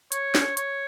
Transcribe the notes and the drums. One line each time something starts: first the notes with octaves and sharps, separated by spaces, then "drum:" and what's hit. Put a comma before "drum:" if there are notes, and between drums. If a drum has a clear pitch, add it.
C#5, drum: hi-hat
drum: snare
C#5, drum: hi-hat